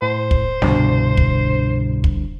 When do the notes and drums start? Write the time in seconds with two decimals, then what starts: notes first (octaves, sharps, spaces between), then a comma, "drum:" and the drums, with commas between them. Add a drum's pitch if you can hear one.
0.02 A2 C5
0.31 drum: kick
0.62 C2 G2 B2 D3, drum: snare
1.17 drum: kick
2.04 drum: kick